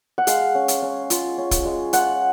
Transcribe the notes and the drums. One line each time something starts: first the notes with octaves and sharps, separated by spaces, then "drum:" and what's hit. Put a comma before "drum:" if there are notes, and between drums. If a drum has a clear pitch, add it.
F#5
G#3 F5, drum: hi-hat
C#4
drum: hi-hat
C#4
F4, drum: hi-hat
C#4
drum: kick, hi-hat
G#3
F4 F#5, drum: hi-hat